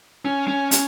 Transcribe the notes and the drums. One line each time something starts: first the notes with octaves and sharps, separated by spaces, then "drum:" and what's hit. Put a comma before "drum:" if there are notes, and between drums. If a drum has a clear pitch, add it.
C#4
C#4
C#4, drum: hi-hat